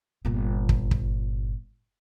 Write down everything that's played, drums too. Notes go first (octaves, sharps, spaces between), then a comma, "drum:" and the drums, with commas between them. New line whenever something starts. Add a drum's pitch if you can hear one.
G1 A#2
drum: kick
drum: kick